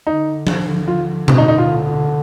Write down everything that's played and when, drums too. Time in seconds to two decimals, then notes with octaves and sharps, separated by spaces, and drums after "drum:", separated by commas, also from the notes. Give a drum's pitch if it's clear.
0.07 D3 D#4
0.47 F3, drum: tom F3
0.68 D3
0.88 F4
1.28 C4, drum: tom B2
1.38 D#4
1.48 D#4
1.58 D#3 F4
1.69 D3